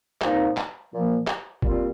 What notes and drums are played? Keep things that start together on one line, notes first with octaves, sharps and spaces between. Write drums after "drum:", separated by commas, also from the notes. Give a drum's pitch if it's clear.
A#2 F3 C4 D#4, drum: clap
drum: clap
A#2 F3 A#3
drum: clap
A#2 G3 C4 F4, drum: kick